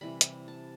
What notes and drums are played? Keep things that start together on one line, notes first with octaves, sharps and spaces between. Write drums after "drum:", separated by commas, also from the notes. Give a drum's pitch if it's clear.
C3 E3 G3 B5
drum: hi-hat
A5